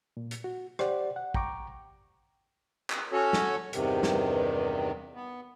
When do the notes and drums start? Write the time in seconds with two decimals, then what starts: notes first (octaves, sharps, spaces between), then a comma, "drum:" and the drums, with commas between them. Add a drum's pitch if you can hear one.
0.17 A#2
0.31 drum: hi-hat
0.44 F#4
0.79 G4 C5 D5 F#5, drum: rim click
1.16 F#5
1.34 G5 A#5 C#6 D6, drum: kick
2.90 drum: clap
3.12 C#4 F#4 A4 C#5
3.33 drum: snare
3.73 E2 G2 C3 D#3, drum: hi-hat
4.03 drum: snare
5.15 B3